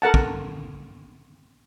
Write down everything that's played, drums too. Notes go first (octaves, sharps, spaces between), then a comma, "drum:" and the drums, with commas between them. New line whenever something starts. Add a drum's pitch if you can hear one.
A4 A#4 F#5 A5
drum: kick